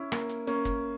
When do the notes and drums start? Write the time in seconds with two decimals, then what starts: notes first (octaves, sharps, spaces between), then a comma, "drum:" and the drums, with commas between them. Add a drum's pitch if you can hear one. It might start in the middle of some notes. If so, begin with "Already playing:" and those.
Already playing: C#4 E4
0.12 A#3, drum: rim click
0.29 drum: hi-hat
0.47 A#3 C#4, drum: hi-hat
0.65 drum: kick, hi-hat